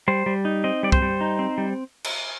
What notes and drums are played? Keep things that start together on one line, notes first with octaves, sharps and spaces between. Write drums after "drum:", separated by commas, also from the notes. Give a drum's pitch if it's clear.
G3 C5
G3
D#4
C4 D#5
G3 D5
C5, drum: kick
G3
D#4
C4
G3
drum: cymbal